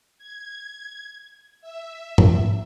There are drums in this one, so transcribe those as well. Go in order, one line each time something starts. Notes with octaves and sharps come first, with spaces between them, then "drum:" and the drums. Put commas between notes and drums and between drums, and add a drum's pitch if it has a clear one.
G#6
E5
drum: tom G#2